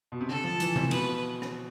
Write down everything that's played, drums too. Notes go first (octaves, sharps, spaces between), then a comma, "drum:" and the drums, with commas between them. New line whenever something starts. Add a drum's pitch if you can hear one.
B2
C3
D3 A4
F3
E3, drum: hi-hat
C3, drum: tom C3
B2 B4, drum: cymbal
drum: rim click